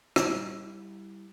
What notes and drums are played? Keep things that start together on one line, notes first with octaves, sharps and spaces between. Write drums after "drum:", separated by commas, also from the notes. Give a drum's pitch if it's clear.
G3 E4 G4, drum: rim click